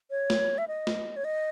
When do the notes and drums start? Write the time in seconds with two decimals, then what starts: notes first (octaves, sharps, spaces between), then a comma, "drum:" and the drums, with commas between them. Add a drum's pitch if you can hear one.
0.11 C#5
0.30 drum: snare
0.58 E5
0.68 D#5
0.87 drum: snare
1.16 C#5
1.24 D#5